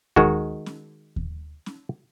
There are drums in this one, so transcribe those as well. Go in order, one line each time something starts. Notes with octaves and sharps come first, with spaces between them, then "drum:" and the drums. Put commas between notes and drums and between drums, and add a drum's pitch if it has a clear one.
D#3 G#3 F#4, drum: kick D#2
drum: snare C#4
drum: kick D#2
drum: snare C#4